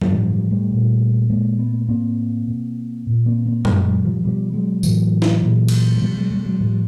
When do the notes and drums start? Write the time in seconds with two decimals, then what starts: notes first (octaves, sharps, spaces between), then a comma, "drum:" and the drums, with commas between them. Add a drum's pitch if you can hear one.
0.01 F#3, drum: tom G2
0.11 A2 F3 G3
0.31 F3 G3
0.51 G3 A3
0.71 A#2
1.30 A#2 G#3 A#3
1.59 A3 B3
1.88 A2 A#3 C4
2.47 B2
3.07 A#2
3.26 A#3 C4
3.46 A#3 C4
3.65 A#2 G3 A3, drum: tom F#2
3.85 F#3 G#3
4.05 F3 G3
4.24 B2 F3 G3
4.54 F#3 G#3
4.83 A2 E3 F#3, drum: tambourine
5.22 drum: snare
5.43 A#2
5.68 drum: cymbal
5.96 G#3
6.01 B2 F3 G3
6.16 F#3 G#3
6.31 G3 A3
6.45 F#3 G#3
6.60 A2 F3 G3